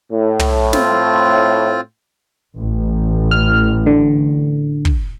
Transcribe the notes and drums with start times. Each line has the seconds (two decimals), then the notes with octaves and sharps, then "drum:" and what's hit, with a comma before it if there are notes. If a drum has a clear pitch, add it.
0.12 A2
0.39 drum: tom
0.73 C4 F4, drum: snare
2.58 A1
3.31 F6
3.86 D3
4.85 drum: kick